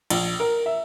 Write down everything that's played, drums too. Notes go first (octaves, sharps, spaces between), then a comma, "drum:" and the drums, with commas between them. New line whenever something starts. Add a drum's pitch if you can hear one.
A#1, drum: cymbal
A#4
E5